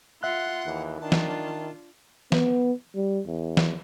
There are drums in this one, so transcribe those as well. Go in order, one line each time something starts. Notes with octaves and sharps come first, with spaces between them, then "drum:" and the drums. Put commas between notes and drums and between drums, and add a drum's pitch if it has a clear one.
F4 E5 F#5 C6 F#6
D#2 E3
D#3 D4 F4 A5
drum: snare
B3, drum: snare
G3
E2
drum: snare